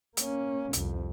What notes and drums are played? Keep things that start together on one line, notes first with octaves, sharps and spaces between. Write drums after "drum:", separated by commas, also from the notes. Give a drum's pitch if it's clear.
A#3 C#4, drum: hi-hat
C2 F2, drum: hi-hat